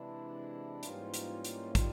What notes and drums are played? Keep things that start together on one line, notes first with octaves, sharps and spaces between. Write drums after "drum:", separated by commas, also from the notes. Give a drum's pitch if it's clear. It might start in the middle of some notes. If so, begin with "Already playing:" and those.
Already playing: C3 E3 G#3 D4 E4
G#2 E3 G3 A#3 C#4 D#4 F4, drum: hi-hat
drum: hi-hat
drum: hi-hat
D#3 G3 D#4 F4, drum: kick, hi-hat